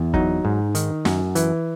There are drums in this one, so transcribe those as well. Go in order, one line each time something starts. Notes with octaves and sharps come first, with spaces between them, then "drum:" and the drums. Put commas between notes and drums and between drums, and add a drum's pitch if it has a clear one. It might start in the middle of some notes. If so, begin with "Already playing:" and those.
Already playing: E2
F#3 D#4, drum: kick
G#2
D#3, drum: hi-hat
F#2, drum: snare
E3, drum: hi-hat